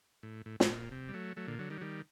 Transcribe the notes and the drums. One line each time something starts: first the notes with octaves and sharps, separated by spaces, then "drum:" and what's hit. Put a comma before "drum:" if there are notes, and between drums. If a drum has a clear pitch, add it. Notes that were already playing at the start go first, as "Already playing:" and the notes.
A2
A2
A2, drum: snare
A#2
C3
G3
F#3 A3
F#3 A3
A#2 D3
D3 F#3
D#3 G3
F#3
D#3 G3